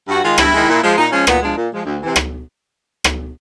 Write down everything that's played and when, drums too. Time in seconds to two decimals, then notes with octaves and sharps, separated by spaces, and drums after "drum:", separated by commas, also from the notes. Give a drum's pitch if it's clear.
0.08 G2 F#4
0.23 D#3 G#3 F4
0.38 G2 E4, drum: rim click
0.53 D#3 G#3
0.68 A#2
0.82 F3 G#3
0.97 A#2 D#4
1.12 F3 G#3 C#4
1.27 A#2 B3, drum: rim click
1.41 F3 G#3 D4
1.56 A#2
1.71 F3 G#3
1.85 D2
2.01 C3 E3
2.16 drum: rim click
3.04 drum: rim click